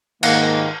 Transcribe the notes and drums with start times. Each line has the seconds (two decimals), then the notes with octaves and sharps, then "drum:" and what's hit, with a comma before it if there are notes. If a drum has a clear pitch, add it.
0.23 G#2 D#3 A#3 F4 F#5, drum: cymbal